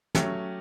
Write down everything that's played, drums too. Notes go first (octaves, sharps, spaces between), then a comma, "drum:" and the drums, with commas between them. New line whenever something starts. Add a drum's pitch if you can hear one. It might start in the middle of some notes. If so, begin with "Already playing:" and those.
F#3 A3 C#4 G4, drum: snare